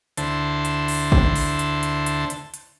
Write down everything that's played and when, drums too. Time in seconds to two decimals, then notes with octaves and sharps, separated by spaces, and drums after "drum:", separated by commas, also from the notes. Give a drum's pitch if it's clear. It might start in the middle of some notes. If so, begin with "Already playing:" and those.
0.17 D2 D3 E4 C5 A5, drum: hi-hat
0.65 drum: hi-hat
0.88 drum: open hi-hat
1.12 drum: kick
1.36 drum: open hi-hat
1.59 drum: hi-hat
1.83 drum: hi-hat
2.06 drum: hi-hat
2.30 drum: hi-hat
2.54 drum: hi-hat